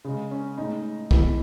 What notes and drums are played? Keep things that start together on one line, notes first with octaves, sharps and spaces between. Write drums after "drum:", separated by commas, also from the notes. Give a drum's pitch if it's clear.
C#3 G#3
C#4
A2 G#3 D#4
B2 G#3 E4, drum: kick